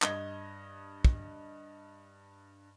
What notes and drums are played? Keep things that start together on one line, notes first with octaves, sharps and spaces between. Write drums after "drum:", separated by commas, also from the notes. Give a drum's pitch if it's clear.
G2 D#5 G#6 G7, drum: clap
drum: kick